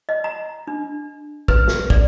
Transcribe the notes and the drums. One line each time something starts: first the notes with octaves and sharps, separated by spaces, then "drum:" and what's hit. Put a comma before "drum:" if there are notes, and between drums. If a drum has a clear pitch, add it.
D#5
A#5
D4
B4, drum: kick
drum: snare
D5, drum: kick